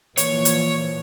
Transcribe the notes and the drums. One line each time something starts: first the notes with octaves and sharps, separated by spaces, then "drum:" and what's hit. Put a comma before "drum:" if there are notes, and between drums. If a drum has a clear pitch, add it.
A#2 E3 F3 C#5, drum: hi-hat
drum: hi-hat